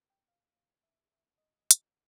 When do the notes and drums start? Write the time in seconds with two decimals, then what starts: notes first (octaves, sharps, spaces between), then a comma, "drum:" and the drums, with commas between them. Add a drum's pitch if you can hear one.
0.10 G5
0.28 F5
0.83 E5
1.38 D#5
1.71 drum: hi-hat